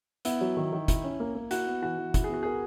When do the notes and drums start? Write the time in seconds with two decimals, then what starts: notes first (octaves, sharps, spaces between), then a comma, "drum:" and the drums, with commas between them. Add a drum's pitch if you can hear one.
0.25 B3 E4, drum: hi-hat
0.41 F#3
0.57 D#3
0.72 D#3
0.88 E4, drum: kick, hi-hat
1.04 C#4
1.20 A#3
1.35 A#3
1.51 E4 F#4, drum: hi-hat
1.67 B3
1.82 E3 F#4
1.98 E3
2.14 E4, drum: kick, hi-hat
2.24 G#4
2.29 B3 F#4
2.43 G#4 A#4